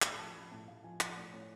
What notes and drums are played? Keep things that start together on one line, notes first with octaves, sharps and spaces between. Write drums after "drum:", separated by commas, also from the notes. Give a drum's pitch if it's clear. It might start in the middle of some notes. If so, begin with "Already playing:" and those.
A2 B5, drum: clap
F3 A5
F3 B5
A2 A5
A2 F5
F3 G#5
F3 F#5, drum: clap
A2 D5
A2 C#5